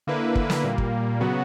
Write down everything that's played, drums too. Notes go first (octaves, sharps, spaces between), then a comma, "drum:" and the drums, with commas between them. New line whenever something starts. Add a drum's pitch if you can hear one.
D3 A#3 E4 B4
drum: kick
drum: snare
A#2 G3 A#3
drum: kick
C#3 F#3 B3 F#4